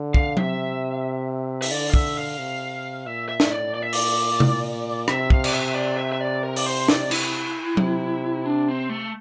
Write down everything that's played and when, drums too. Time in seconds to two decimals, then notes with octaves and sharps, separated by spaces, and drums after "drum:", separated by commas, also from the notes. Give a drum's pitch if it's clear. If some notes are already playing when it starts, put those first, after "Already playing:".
Already playing: D3
0.14 F5, drum: kick
0.37 C3 E5, drum: tom F#3
1.62 E5, drum: open hi-hat
1.71 D3 D5
1.90 F5
1.94 E5, drum: kick
2.17 F5
2.39 C3
3.06 A#2 E5
3.29 E5
3.40 A2, drum: snare
3.52 D5
3.74 A#2 D5
3.82 E5
3.93 D5, drum: open hi-hat
4.40 drum: tom C3
5.08 C3 E5, drum: rim click
5.30 F5, drum: kick
5.44 D5, drum: cymbal
5.53 E5
5.75 D5
5.98 E5
6.12 E5
6.21 D5
6.43 A#4
6.56 D5, drum: open hi-hat
6.66 C5
6.88 D5, drum: snare
7.11 E4, drum: cymbal
7.77 C3, drum: tom F#3
8.46 D4
8.68 C4
8.89 A3